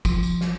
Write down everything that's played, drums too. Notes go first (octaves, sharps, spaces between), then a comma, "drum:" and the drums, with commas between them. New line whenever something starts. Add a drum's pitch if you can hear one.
F3, drum: kick, tambourine
drum: tambourine
drum: snare